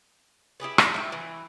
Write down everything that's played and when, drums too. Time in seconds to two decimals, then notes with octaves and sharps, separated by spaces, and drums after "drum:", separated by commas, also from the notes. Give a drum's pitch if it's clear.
0.60 E4 G4 G#4 B4
0.78 D5, drum: rim click
0.94 E4 G5
1.12 E3